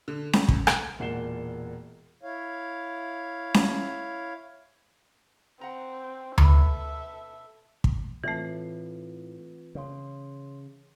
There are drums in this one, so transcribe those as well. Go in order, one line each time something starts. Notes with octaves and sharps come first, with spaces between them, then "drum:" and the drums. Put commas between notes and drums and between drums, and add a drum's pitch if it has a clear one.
D3
F2, drum: snare C#4
drum: kick
G#6, drum: rim click
E1 A#2 F#5 C7 E7 G7
E4 C#5 F5
drum: snare C#4
C4 F#5 A#5
B2 A4 B4 E5, drum: tom D2
drum: kick
A2 E3 A3 C4 F4 B4
C#3 C#5 C6